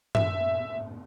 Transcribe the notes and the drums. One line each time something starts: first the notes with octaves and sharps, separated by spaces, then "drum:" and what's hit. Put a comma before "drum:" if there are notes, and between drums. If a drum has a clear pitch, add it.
E5, drum: tom F#2